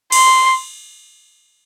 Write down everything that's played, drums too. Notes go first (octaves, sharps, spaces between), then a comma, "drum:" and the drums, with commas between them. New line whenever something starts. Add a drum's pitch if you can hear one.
C6, drum: cymbal